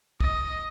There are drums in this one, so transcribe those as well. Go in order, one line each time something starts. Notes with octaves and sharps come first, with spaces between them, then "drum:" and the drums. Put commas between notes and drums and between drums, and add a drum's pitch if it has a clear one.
D#5, drum: kick